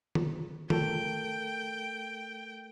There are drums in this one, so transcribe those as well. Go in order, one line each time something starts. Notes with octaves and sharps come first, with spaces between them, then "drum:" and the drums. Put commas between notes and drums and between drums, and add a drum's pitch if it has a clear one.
drum: tom D#3
A3 A4 A#4 G5, drum: tom D#3